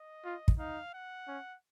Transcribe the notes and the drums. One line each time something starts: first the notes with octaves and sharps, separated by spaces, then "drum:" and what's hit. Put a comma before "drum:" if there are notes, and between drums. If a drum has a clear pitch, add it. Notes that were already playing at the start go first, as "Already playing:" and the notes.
Already playing: D#5
F4
drum: kick
D#4 F5
F#5
C#4